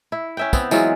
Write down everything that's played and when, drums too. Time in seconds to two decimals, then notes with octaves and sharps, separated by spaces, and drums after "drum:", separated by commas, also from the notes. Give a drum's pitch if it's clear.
0.12 E4
0.37 C#4 E5 G5
0.53 B3 C4, drum: kick, tambourine
0.71 E3 F#3 G#3 F4, drum: tambourine